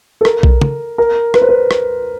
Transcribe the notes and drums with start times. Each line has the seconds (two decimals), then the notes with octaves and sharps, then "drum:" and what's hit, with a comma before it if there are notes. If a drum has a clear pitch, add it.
0.21 A4
0.25 A#4, drum: rim click
0.43 drum: kick B1
0.61 drum: tom
0.98 A#4
1.34 B4, drum: rim click
1.42 C5
1.49 B4
1.71 drum: rim click